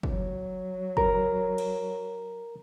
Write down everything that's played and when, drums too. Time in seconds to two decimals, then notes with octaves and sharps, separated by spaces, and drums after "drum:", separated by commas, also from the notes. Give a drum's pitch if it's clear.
0.03 F#3, drum: kick
0.97 A#4 A#5, drum: kick
1.58 drum: cymbal